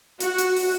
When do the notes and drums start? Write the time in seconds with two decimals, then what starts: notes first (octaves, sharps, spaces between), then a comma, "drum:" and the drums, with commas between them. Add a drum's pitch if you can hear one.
0.20 F#4, drum: hi-hat
0.38 drum: hi-hat
0.56 drum: open hi-hat